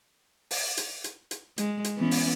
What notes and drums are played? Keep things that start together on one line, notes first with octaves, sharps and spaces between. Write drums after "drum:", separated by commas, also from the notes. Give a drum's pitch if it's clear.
drum: open hi-hat
drum: hi-hat
drum: hi-hat
drum: hi-hat
G#3, drum: hi-hat
drum: hi-hat
E3 B3 C#4
drum: open hi-hat